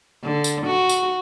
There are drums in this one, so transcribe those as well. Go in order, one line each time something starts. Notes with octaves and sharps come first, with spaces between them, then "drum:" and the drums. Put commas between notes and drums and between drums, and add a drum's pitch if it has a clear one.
D3
drum: tambourine
F#4
drum: tambourine